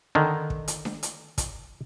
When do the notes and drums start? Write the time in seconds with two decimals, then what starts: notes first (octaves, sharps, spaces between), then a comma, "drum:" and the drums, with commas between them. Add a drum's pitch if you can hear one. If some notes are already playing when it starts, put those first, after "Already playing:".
0.15 D3 D#3
0.50 drum: kick
0.68 drum: hi-hat
0.85 drum: snare D4
1.03 drum: hi-hat
1.38 drum: kick, hi-hat